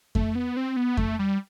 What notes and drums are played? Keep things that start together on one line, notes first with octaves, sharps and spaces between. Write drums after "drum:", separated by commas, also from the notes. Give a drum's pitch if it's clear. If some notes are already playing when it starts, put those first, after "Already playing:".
A3, drum: kick F2
B3
C4
B3
A3, drum: kick F2
G3